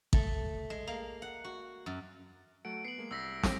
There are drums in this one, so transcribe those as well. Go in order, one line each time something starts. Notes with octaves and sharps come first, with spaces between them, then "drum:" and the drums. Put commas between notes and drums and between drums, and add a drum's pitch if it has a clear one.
A3, drum: kick A1
G#3
A#3
F#5
F#4
F#2
F#3 A3 F#5 D7
B3 C7 C#7 F#7
G#3 A#3
C2 E6 A#6 B6
G4, drum: snare